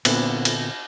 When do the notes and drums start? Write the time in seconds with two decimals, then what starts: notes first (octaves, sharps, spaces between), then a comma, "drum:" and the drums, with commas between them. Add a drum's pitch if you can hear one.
0.05 A#2 D3 B3 C4, drum: cymbal
0.45 drum: cymbal